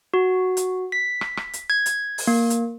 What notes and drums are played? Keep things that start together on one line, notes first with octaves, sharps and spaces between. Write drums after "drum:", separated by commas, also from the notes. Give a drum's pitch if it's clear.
F#4
drum: hi-hat
B6
drum: rim click
drum: rim click
drum: hi-hat
G#6
drum: hi-hat
drum: open hi-hat
A#3
drum: hi-hat